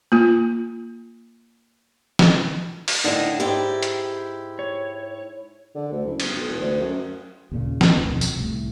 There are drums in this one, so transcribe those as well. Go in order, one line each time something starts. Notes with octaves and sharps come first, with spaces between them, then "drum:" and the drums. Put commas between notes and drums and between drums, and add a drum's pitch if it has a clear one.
A#3 F4
drum: snare
drum: open hi-hat
A2 D3 D#4 E4 D#5
G#2 E4 G4 G5
drum: hi-hat
C#5
D3
D2
F#1
G1, drum: cymbal
B1
E1
D2
F#2
D#2 A#2 C#3
B3, drum: snare
A1 D#2
B1 F2
drum: tambourine
C2 A2